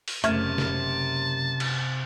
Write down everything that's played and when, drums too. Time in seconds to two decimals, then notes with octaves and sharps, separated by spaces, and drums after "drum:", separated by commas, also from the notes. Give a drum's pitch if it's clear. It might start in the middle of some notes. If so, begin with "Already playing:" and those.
0.08 drum: open hi-hat
0.24 F#1 C3 A3 A5 F6 G#6, drum: hi-hat
0.58 drum: snare
1.60 drum: cymbal